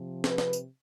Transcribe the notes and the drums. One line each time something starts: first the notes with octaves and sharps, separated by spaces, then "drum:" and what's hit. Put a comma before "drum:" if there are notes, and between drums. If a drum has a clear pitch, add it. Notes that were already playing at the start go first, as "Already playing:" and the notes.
Already playing: C3 F3
B4, drum: snare
drum: snare
drum: tambourine